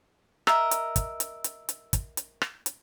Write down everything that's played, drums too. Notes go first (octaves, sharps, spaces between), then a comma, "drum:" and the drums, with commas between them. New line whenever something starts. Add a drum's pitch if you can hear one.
A#4 D#5 E5 E6, drum: rim click
drum: hi-hat
drum: kick, hi-hat
drum: hi-hat
drum: hi-hat
drum: hi-hat
drum: kick, hi-hat
drum: hi-hat
drum: rim click
drum: hi-hat